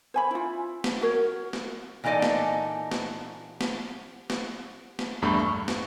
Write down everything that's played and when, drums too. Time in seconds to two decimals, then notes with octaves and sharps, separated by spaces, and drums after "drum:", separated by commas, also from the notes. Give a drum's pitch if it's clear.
0.14 C5 G#5 B5
0.31 E4 F4
0.84 drum: snare
1.01 F#4 A#4 C#5
1.53 drum: snare
2.04 A#2 E3 D#4 A4 D5 G#5
2.22 drum: snare
2.91 drum: snare
3.61 drum: snare
4.30 drum: snare
4.99 drum: snare
5.22 A#1 E2 G2 A3 B5
5.39 C#6
5.68 drum: snare